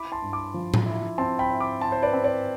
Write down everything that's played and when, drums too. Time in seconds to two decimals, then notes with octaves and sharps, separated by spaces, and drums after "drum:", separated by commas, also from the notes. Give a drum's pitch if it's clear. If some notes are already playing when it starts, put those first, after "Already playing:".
Already playing: E4 B5 D6
0.12 A5 C6
0.22 G2
0.33 B5 D6
0.54 F3
0.74 drum: tom A2
0.86 E4
1.18 C4 A5 C6
1.39 G5 B5
1.50 E4
1.60 B5 D6
1.81 E4 A5 C6
1.92 C5
2.02 B4 D5
2.13 C4
2.24 B4 D5